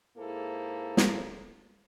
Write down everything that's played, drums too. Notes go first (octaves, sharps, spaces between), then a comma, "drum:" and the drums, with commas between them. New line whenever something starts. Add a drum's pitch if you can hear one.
G#2 A#3 E4 G#4 A4 C5
drum: snare